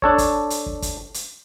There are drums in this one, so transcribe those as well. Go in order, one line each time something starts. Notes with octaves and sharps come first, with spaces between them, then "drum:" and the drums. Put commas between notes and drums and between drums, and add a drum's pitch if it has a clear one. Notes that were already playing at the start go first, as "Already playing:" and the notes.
D4 A4 C#5, drum: kick
drum: kick, hi-hat
drum: hi-hat
drum: kick
drum: kick, hi-hat
drum: hi-hat